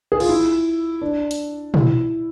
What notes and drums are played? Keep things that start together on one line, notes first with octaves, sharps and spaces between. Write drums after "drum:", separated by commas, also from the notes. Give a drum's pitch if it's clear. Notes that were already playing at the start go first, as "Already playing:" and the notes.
G#4
F4, drum: cymbal
E4
D4
drum: hi-hat
E4, drum: tom